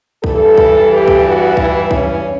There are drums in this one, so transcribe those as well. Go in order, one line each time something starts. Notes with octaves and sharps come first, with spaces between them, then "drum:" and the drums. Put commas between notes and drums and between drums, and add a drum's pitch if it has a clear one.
G2 E3 A4, drum: kick
drum: kick
G4
drum: kick
F#4
E4, drum: kick
C#4, drum: kick